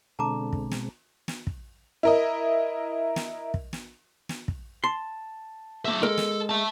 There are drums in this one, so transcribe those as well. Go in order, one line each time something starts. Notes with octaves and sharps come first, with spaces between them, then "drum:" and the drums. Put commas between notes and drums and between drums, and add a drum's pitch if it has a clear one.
B2 D3 G#3 C4 A5 A#5 D6
drum: kick
drum: snare
drum: snare
drum: kick
E4 A#4 D#5
drum: snare
drum: kick
drum: snare
drum: snare
drum: kick
A5 C6
A#3 E5
G#3 A4 A#4
drum: snare
E5 A5